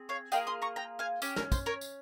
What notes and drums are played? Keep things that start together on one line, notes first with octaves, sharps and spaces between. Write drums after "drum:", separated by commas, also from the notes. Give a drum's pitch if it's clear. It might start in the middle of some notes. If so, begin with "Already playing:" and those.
Already playing: C4 G#4
C#5 F5
A#3 F4 G#4 D#5 G5, drum: tambourine
C6 D#6
A#5 C#6
G5 A#5
F5 G#5
C#4 G4, drum: tambourine
A#4, drum: snare
C5, drum: kick, tambourine
A#4 C#5
drum: tambourine